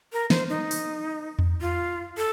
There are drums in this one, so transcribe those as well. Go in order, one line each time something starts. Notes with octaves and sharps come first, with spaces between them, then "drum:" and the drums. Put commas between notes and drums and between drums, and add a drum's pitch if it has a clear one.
A#4
C5, drum: snare
D#4
drum: open hi-hat
drum: tom E2
F4
A4